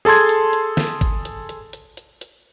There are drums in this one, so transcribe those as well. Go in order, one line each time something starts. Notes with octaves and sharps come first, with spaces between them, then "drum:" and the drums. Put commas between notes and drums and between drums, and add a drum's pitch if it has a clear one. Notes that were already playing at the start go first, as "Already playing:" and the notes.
G#4 A4 A5 C6 G#6
drum: hi-hat
drum: hi-hat
drum: snare
drum: kick G#1, hi-hat
drum: hi-hat
drum: hi-hat
drum: hi-hat
drum: hi-hat
drum: hi-hat